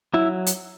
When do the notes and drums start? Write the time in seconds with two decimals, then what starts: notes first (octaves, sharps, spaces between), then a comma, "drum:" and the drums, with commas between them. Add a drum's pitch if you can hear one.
0.14 F#3 E4
0.46 drum: hi-hat